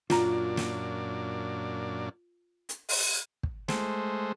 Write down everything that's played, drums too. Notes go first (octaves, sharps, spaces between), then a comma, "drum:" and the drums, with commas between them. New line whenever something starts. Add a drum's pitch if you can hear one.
F#2 A#2 D4 F4 A#5, drum: snare
drum: snare
drum: hi-hat
drum: open hi-hat
drum: kick
G#3 A3 C5, drum: snare